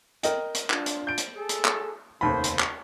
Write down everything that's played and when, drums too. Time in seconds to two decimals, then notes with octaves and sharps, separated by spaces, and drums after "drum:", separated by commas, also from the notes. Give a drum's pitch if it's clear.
0.23 A#4 D#5 G5, drum: hi-hat
0.55 drum: hi-hat
0.70 D4 F4, drum: clap
0.86 drum: hi-hat
1.07 G6 D7
1.18 drum: hi-hat
1.36 G#4 A4
1.49 drum: hi-hat
1.65 drum: clap
2.21 F1 D#2 C#3 C5 B5
2.44 drum: hi-hat
2.59 drum: clap